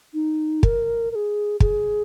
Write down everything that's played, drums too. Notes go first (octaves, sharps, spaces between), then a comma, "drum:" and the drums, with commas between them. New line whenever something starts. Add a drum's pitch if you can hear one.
D#4
A#4, drum: kick
A#4
G#4
G#4, drum: kick